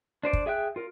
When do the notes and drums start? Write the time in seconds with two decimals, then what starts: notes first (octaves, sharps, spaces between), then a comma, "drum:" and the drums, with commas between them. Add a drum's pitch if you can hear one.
0.23 D4 C5 D5
0.33 drum: kick
0.46 G#4 E5 G5 F#6
0.76 F4 A#4